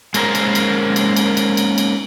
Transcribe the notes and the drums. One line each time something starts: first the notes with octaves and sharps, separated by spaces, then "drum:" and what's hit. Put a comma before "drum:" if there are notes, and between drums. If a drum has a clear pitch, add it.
G#3 A#3 C#4 A#4 C5, drum: cymbal
drum: cymbal
drum: cymbal
drum: cymbal
drum: cymbal
drum: cymbal
drum: cymbal
drum: cymbal